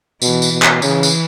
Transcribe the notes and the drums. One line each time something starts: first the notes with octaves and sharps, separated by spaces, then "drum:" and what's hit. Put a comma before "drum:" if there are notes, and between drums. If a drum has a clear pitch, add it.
B2 E3, drum: tambourine
drum: tambourine
B2
drum: clap
C#3 E3, drum: tambourine
drum: tambourine